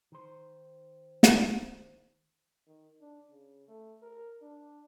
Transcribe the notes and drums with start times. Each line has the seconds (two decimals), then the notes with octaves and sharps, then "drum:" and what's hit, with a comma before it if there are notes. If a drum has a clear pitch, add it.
0.12 D#3 C5
1.23 drum: snare
2.67 D#3
3.01 D4
3.30 C#3
3.68 A3
4.02 A#4
4.42 D4